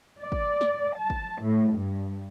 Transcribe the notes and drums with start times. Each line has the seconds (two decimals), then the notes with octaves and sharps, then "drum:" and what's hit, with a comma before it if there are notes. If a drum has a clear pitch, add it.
0.23 D5
0.32 drum: kick
0.61 drum: snare
0.98 A5
1.10 drum: kick
1.43 A2
1.74 G2